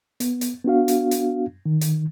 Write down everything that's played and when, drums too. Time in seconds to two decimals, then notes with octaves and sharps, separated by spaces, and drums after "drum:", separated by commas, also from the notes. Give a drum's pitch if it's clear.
0.20 B3, drum: hi-hat
0.41 drum: hi-hat
0.65 B3 D4 F#4 F5
0.88 drum: hi-hat
1.11 drum: hi-hat
1.66 D#3
1.81 drum: hi-hat